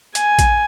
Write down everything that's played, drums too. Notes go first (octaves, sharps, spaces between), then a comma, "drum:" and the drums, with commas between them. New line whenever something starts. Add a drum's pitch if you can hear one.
G#5, drum: hi-hat
drum: kick A1, hi-hat